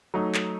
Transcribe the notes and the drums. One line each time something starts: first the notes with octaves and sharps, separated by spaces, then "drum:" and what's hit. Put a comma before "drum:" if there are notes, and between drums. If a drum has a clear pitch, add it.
F#3 A3 D#4
drum: clap